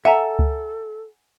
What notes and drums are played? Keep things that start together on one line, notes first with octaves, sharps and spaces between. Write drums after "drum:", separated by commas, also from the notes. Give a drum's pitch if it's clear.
A4 E5 F#5 G#5 A#5
drum: kick C#2